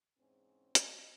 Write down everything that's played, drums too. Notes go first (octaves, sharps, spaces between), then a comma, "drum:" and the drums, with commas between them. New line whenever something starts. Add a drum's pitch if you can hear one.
E2 G#2 C4 C#4
D#5, drum: hi-hat